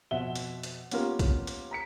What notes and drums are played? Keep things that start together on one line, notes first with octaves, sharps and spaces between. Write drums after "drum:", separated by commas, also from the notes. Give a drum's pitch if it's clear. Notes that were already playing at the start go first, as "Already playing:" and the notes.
F2 B2 C4 E5 F#5 G7
drum: hi-hat
drum: hi-hat
A#3 B3 C#4 F4 G4 A#4, drum: hi-hat
drum: kick B1, hi-hat
drum: hi-hat
A#5 B6 C#7